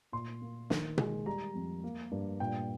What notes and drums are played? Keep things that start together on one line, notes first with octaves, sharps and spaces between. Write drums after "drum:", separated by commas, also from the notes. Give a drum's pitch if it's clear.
A#2 C6
A#3
D#3, drum: snare
G#3, drum: tom B2
G3 A#5
F2
A#3
G2
A#2 G5